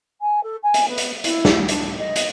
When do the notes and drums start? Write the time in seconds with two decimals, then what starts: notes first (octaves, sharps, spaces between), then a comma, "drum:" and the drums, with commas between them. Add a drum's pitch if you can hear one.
0.21 G#5
0.43 A4
0.63 G#5
0.74 drum: hi-hat
0.88 B3
0.98 drum: hi-hat
1.24 E4, drum: hi-hat
1.45 drum: snare
1.68 D4, drum: hi-hat
1.98 D#5
2.16 drum: hi-hat